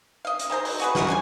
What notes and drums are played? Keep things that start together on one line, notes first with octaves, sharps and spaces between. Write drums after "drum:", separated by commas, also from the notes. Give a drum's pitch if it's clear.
D#5 F5
drum: hi-hat
D#3 G#4 C5 A#5
F#3, drum: open hi-hat
F#4 G#4 B4, drum: hi-hat
C#4 F4 F#4 A#4, drum: snare F#4
G3 C#4 B4 G#5